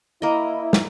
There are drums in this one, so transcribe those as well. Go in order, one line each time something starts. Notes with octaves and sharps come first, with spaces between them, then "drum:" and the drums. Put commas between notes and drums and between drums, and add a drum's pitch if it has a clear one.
A#3 E4 D#5
drum: snare